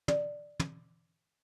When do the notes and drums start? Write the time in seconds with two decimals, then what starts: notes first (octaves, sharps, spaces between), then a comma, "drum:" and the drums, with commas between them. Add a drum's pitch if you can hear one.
0.08 D5, drum: tom
0.60 drum: tom